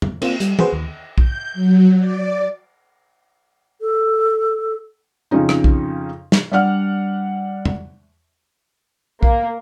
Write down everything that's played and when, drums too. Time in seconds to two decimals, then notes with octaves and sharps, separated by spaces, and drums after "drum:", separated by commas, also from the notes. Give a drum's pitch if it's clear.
0.02 drum: tom E2
0.22 A#3 C4 F4, drum: cymbal
0.40 G3, drum: hi-hat
0.59 F#4 G#4 B4 C5, drum: tom
0.73 D#2
1.18 G6, drum: kick
1.53 F#3
1.98 D5
3.81 A4
5.31 F2 C#3 C#4 D#4
5.49 drum: rim click
5.64 drum: kick
6.32 drum: snare
6.52 G3 D4 D5 F#5 F6
7.65 drum: tom E2
9.23 A#3, drum: kick